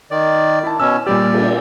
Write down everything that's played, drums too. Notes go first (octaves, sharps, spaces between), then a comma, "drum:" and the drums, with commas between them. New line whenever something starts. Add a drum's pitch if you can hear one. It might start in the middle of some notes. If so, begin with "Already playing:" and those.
D#3 D5
E4 A5
B2 C#4 E6
A#2 G3 G4 D5
drum: cymbal